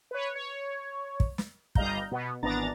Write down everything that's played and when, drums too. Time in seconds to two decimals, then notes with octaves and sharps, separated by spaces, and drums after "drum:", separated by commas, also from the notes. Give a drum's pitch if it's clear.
0.11 B4 C#5
0.35 C#5
1.20 drum: kick
1.38 drum: snare
1.75 G1 G3 D#5 F5 A#5 G6, drum: kick
2.11 B2 B3
2.43 G#1 E3 B3 D4 A#5 A6